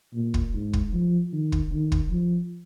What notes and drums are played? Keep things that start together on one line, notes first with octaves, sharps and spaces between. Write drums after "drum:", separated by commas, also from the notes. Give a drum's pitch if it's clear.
A#2
drum: kick
G#2
drum: kick
F3
D#3
drum: kick
D#3
drum: kick
F3